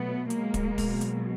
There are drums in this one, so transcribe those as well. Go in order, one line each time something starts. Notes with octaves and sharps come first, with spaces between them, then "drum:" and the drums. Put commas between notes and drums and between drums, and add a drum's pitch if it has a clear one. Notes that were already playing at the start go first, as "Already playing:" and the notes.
Already playing: B2 F#3 A3 B3
G#3 A#3, drum: hi-hat
drum: kick, hi-hat
B2 F#3, drum: kick, open hi-hat
drum: hi-hat